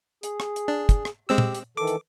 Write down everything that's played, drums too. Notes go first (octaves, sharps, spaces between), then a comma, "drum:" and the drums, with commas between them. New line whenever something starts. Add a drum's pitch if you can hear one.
G#4, drum: hi-hat
drum: rim click
drum: hi-hat
D4
drum: kick, hi-hat
drum: rim click
G#3 C4 G4 E6
drum: tom
drum: hi-hat
D#3 E3 A4 D6
drum: hi-hat